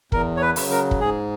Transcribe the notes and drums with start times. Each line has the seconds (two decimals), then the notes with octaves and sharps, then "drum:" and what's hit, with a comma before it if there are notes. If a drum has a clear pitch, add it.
0.12 E2 A#4, drum: kick
0.37 C#5
0.42 B4
0.56 C#3 F#3, drum: open hi-hat
0.71 A#4
0.91 drum: kick
1.00 G#2 G#4